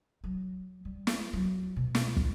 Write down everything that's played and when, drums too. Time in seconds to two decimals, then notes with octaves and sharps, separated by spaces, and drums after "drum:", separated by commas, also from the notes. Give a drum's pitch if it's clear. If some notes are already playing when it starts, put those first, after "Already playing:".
0.24 F#3
0.85 G3
1.07 drum: snare
1.33 F#3
1.76 B2
1.95 drum: snare
2.17 drum: kick